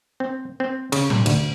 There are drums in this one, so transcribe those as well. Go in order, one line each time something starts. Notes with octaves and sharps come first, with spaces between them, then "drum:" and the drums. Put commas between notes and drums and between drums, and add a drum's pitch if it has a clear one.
C4
C4
C#3, drum: cymbal
drum: tom
D2, drum: cymbal